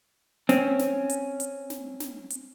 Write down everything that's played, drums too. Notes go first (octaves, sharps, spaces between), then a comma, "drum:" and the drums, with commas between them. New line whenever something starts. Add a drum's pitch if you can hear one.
C4 C#4, drum: snare
drum: snare
drum: hi-hat
drum: hi-hat
drum: snare
drum: snare
drum: hi-hat